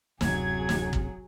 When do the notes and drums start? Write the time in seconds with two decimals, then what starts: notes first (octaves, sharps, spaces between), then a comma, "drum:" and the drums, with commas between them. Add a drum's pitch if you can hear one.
0.21 D1 F#2 C3 F#3 G#4 G#6, drum: snare
0.69 drum: snare
0.93 drum: kick